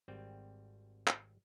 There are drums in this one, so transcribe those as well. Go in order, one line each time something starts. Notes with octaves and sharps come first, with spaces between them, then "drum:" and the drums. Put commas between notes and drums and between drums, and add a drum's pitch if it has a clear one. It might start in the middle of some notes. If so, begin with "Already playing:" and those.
G#1 G3 C4 G5
drum: clap